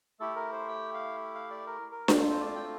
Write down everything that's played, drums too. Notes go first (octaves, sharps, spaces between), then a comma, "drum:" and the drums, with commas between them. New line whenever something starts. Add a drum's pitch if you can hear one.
A3 E4 G4 A4
A#4
C5
G5
F5
F5
D5
A#4
A#4
D5, drum: snare D4
A3 C4 F4 C5
C5
D5
G5